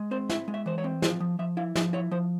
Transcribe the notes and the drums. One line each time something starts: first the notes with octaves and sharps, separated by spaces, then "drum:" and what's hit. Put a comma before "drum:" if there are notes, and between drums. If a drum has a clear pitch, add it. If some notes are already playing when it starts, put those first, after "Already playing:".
Already playing: G#3
C4 C5
E4 E5, drum: snare
G#3
E5
E3 C5
C#5
C4
F3 C5, drum: snare
F3
F3 E5
E4 F5
F3 E5, drum: snare
E4 C#5
F3 C5